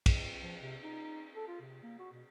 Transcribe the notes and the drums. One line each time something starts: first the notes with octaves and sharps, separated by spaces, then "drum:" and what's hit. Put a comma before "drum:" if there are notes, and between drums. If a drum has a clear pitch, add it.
drum: kick, cymbal
F3
C3
D#4
A4
F4
C3
A#3
F#4
B2